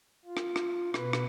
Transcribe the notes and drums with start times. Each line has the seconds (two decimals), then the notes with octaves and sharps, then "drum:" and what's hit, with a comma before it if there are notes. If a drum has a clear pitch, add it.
0.25 F4
0.37 drum: rim click
0.56 drum: rim click
0.94 B2 B4, drum: rim click
1.13 drum: rim click